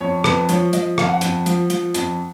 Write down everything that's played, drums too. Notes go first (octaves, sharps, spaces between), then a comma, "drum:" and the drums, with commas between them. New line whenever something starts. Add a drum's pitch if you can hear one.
F2 C#5
F2 B4, drum: rim click
F3 C#5, drum: hi-hat
F3 D#5, drum: hi-hat
F2 F5, drum: rim click
F#5
F2, drum: hi-hat
F3, drum: hi-hat
F3, drum: hi-hat
F2, drum: hi-hat